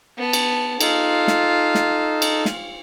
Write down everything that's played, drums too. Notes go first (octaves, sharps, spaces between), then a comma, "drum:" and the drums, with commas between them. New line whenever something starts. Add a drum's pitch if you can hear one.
B3 A5
drum: cymbal
D#4 F4 A4, drum: cymbal
drum: snare
drum: snare
drum: cymbal
drum: snare